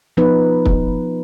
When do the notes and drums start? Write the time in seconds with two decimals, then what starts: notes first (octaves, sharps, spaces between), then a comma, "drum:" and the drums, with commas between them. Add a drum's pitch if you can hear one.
0.17 F3 B3 D#4 B4
0.65 drum: kick